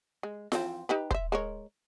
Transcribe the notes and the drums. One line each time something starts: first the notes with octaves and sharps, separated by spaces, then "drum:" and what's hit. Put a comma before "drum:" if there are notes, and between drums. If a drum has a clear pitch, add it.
G#3
E3 F3 C4, drum: snare F4
D#4 G4 B4
C5 E5, drum: kick
G#3 A#4 C#5